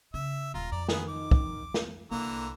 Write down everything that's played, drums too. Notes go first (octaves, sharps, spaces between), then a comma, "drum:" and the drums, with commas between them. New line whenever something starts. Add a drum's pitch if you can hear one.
C#3 E5
D#1 F4 A#5
F2 D5
D#3 B3 G#4, drum: snare
D6
drum: kick
drum: snare
C2 D3 E3 A#3 A#5